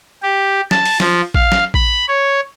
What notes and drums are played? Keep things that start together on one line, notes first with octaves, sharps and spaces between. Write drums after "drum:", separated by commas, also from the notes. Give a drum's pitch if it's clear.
G4
A5, drum: snare
drum: open hi-hat
F3, drum: snare
F5, drum: kick A1
drum: snare
B5, drum: kick A1
C#5